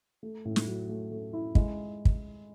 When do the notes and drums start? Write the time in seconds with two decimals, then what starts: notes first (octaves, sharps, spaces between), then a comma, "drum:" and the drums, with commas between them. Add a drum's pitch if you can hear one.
0.23 A3
0.45 A2
0.56 drum: snare
0.67 F#3
0.89 A3
1.11 A3
1.33 E4
1.55 G#3, drum: kick
2.05 drum: kick